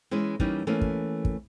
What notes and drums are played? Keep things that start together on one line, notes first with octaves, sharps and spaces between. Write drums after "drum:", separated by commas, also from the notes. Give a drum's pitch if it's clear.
E3 G#3 C#4 E4
E3 G3 A#3 C#4 D#4, drum: kick
E3 A3 A#3 C#4
drum: kick
drum: kick